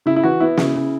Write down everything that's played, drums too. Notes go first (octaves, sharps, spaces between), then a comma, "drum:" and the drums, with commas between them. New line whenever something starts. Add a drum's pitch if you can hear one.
C#3 E4
E4
E3 F#4
B3 E4
C#3, drum: snare
C#3